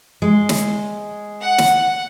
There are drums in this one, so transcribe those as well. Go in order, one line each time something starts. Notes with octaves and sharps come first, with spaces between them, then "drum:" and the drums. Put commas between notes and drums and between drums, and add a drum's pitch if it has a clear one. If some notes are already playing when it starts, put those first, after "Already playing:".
G#3
drum: snare
F#5
drum: snare